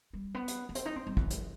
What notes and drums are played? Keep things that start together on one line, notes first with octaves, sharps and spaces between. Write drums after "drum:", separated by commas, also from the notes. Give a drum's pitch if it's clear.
G3
B3
drum: hi-hat
B3
C4, drum: hi-hat
D#4
C4
G3
E3, drum: kick
drum: hi-hat